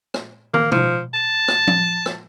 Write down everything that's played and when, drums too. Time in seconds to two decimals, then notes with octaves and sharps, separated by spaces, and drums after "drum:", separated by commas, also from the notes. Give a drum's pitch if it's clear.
0.14 drum: rim click
0.54 A#3, drum: tom
0.72 F3, drum: tom
1.14 A5
1.48 drum: rim click
1.67 drum: tom F3
2.06 drum: rim click